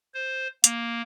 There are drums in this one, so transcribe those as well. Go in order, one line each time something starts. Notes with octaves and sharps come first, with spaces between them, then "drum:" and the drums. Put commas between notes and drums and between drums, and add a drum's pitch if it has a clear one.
C5
A#3, drum: hi-hat